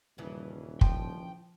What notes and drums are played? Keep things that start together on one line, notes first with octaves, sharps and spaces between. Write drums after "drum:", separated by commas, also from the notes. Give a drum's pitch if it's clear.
D#1 G2 C#3 E3
F3 G5, drum: kick